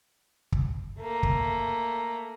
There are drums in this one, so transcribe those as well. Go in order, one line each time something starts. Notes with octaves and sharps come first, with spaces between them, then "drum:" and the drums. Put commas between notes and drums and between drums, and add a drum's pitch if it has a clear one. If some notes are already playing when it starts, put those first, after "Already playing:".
drum: kick
A3 A#3
drum: kick